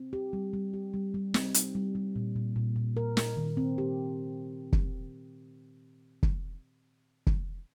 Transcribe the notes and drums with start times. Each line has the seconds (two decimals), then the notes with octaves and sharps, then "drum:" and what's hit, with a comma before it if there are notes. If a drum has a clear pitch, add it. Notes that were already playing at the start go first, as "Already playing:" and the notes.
Already playing: C4
0.13 G4
0.33 G3
0.53 G3
0.74 G4
0.94 G3
1.14 G3
1.34 C4, drum: snare
1.54 D#4, drum: hi-hat
1.75 G3
1.95 G3
2.16 A#2
2.36 A#2
2.56 A#2
2.76 A#2
2.97 A#4
3.17 A#4, drum: snare
3.37 D#3
3.57 C4
3.78 G4
4.73 drum: kick
6.23 drum: kick
7.27 drum: kick